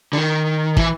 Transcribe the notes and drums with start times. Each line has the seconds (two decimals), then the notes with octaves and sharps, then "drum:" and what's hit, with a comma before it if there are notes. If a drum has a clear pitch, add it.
0.13 D3
0.17 D#3
0.77 E3, drum: kick